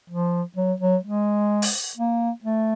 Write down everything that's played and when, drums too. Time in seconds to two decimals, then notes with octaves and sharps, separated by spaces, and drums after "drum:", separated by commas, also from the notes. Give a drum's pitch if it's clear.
0.10 F3
0.57 F#3
0.80 F#3
1.04 G#3
1.62 drum: open hi-hat
1.98 A#3
2.44 A3